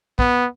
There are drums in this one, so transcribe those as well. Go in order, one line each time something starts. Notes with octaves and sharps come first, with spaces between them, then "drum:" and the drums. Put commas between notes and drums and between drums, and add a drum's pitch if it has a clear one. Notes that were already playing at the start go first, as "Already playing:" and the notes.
B3, drum: kick